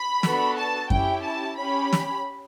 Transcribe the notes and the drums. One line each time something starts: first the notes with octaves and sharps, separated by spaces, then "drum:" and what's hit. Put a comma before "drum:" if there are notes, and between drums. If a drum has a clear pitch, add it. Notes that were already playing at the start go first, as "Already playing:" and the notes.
Already playing: B5
B3 D4 F#4 A4, drum: snare
A5
C#4 E4 G4 G5, drum: kick F#2
A5
C#4 G4 B5
drum: snare